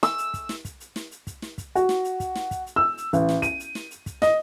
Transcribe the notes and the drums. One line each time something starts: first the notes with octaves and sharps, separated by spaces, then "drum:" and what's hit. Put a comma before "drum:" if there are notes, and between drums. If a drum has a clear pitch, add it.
E6, drum: snare
drum: hi-hat
drum: kick, hi-hat
drum: snare
drum: kick, hi-hat
drum: hi-hat
drum: snare
drum: hi-hat
drum: kick, hi-hat
drum: snare
drum: kick, hi-hat
F#4, drum: hi-hat
drum: snare
drum: hi-hat
drum: kick, hi-hat
drum: snare
drum: kick, hi-hat
drum: hi-hat
E6
drum: hi-hat
A1, drum: kick, hi-hat
drum: snare
D#7, drum: kick, hi-hat
drum: hi-hat
drum: snare
drum: hi-hat
drum: kick, hi-hat
D#5, drum: snare